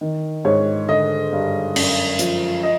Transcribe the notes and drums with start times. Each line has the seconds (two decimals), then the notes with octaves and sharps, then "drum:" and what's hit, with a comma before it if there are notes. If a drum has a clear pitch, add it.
0.01 D#3
0.45 G#2 C#5
0.89 D3 D#5
1.32 G2
1.76 F#2, drum: cymbal
2.19 F3, drum: hi-hat
2.63 D#5